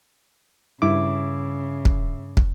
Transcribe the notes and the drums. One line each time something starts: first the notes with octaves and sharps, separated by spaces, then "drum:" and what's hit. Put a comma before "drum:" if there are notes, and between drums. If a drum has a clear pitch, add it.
G2 C#3 E4 D6
drum: kick
drum: kick